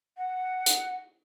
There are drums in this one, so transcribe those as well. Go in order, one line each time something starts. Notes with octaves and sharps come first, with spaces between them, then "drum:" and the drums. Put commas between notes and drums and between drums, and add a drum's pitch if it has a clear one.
F#5
drum: hi-hat